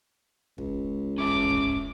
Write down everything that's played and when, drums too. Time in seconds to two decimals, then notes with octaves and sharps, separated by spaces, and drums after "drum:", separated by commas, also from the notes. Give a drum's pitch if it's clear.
0.58 C#2, drum: kick
1.18 C#4 E5 A5 D6
1.27 drum: kick
1.50 drum: kick